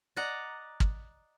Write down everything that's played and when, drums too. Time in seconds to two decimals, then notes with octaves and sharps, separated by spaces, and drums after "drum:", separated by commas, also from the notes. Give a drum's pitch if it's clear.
0.16 D5 D#5 F#5 A#5
0.80 drum: kick